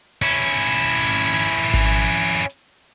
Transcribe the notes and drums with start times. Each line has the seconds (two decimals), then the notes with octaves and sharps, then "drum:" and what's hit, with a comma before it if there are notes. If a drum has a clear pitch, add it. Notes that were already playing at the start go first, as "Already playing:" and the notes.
0.22 C#4 E4, drum: hi-hat
0.47 drum: hi-hat
0.73 drum: hi-hat
0.98 drum: hi-hat
1.23 drum: hi-hat
1.48 drum: hi-hat
1.74 drum: kick G#1, hi-hat
2.49 drum: hi-hat